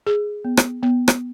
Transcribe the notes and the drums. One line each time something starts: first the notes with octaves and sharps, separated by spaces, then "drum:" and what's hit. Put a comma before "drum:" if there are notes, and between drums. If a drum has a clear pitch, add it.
G#4
B3
drum: rim click
B3
drum: rim click